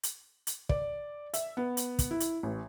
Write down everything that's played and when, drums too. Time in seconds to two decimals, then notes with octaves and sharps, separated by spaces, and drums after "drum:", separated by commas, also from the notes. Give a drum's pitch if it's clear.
0.03 drum: hi-hat
0.47 drum: hi-hat
0.69 D5, drum: kick
1.34 E5, drum: hi-hat
1.57 B3
1.77 drum: hi-hat
1.99 drum: kick, hi-hat
2.11 E4
2.20 drum: hi-hat
2.43 A1